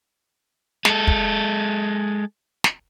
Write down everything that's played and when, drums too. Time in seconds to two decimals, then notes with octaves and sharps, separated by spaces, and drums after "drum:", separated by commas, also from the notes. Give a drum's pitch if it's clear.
0.85 G#3 A4, drum: snare
1.07 drum: kick
2.64 drum: snare